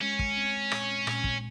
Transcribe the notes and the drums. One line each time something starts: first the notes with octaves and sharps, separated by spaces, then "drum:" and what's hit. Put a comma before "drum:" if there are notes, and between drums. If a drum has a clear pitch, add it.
G#3 C#4
drum: kick
C4
A#2, drum: rim click
A#2, drum: rim click
drum: kick